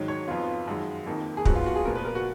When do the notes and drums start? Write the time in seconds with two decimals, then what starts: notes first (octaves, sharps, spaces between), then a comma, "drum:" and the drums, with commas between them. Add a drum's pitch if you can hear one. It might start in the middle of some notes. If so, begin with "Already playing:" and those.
Already playing: G#2 D#3 F#3
0.08 C#5
0.28 F2 F3 B3 F4
0.68 F#2 D#3 G#3
1.06 F2 D#3 A#3
1.37 G#4
1.45 F#2 F3 G#3 B3 F#4, drum: kick
1.55 F4
1.66 F#4
1.76 G#4
1.85 A#2 F3 B3 A#4
1.95 B4
2.05 A#4
2.15 F#4